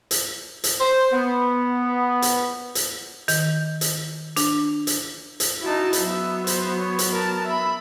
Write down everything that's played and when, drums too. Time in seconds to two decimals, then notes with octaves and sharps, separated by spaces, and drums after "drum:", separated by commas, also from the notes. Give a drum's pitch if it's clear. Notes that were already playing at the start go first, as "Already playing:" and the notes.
0.11 drum: hi-hat
0.64 drum: hi-hat
0.80 C5
1.12 B3
2.22 drum: hi-hat
2.75 drum: hi-hat
3.28 D#3, drum: hi-hat
3.81 drum: hi-hat
4.36 D4, drum: hi-hat
4.87 drum: hi-hat
5.40 drum: hi-hat
5.62 D#4 E4 F#4 A5
5.93 drum: hi-hat
6.02 F#3 B3 E5
6.47 C5, drum: hi-hat
6.79 C#5
6.99 drum: hi-hat
7.12 A#4 A5
7.47 E5 B5